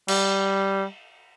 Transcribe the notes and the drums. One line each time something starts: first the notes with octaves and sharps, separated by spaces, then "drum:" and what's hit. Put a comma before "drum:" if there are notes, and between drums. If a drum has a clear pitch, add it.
G3, drum: cymbal